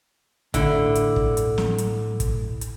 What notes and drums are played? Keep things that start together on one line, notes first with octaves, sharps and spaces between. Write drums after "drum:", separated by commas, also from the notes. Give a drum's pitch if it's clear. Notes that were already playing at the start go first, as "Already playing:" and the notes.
A2 D3 E4, drum: kick, hi-hat
drum: hi-hat
drum: kick
drum: hi-hat
drum: snare
drum: hi-hat
drum: kick, hi-hat
drum: hi-hat